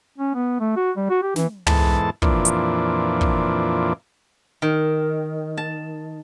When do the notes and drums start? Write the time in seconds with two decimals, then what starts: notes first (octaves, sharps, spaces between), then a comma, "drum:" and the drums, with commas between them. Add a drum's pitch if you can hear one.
0.18 C#4
0.34 B3
0.60 A3
0.77 F#4
0.97 G3
1.10 F#4
1.22 G4
1.36 E3, drum: snare
1.67 E2 G#2 A4 A5, drum: tom
2.22 F2 A#2 E3 D4, drum: kick
2.45 drum: hi-hat
3.21 drum: kick
4.62 D#3
5.57 A5